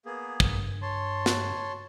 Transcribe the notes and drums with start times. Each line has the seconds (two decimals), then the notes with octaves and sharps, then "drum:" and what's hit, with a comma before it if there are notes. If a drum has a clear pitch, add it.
0.06 A#3 B3 G#4
0.40 G2, drum: kick
0.82 C#5 A5 C6
1.26 drum: snare